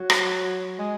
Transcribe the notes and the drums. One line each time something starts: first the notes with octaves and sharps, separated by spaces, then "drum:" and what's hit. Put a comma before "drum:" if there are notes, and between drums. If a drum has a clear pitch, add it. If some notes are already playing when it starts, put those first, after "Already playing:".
Already playing: F#3
drum: rim click
G#3